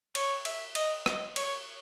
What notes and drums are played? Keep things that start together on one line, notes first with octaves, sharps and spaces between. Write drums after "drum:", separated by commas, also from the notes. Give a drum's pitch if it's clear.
C#5, drum: cymbal
E5, drum: cymbal
D#5, drum: cymbal
D#5, drum: rim click
C#5, drum: cymbal